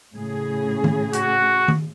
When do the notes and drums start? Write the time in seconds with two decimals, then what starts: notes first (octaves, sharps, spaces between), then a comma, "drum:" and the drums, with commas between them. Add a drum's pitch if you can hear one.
0.15 A2 C#3 G#4
0.84 drum: tom D#3
1.13 F#4, drum: hi-hat
1.68 drum: tom D#3